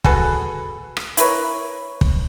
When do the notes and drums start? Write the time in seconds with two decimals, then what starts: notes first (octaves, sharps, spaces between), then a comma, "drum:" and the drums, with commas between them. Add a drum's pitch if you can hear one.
0.04 F#4 G#4 A4 B4, drum: kick
0.97 drum: rim click
1.17 E4 A#4 B4 C#5, drum: hi-hat
2.01 drum: kick